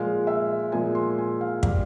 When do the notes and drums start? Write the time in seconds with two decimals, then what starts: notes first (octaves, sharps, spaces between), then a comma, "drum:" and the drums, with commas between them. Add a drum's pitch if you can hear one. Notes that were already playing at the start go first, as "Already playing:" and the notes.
Already playing: A#2 F3 G#3 F5
0.27 E5
0.72 A#2 F3 G#3 G#5
0.95 C6
1.18 G#5
1.41 F5
1.63 G3 F5, drum: kick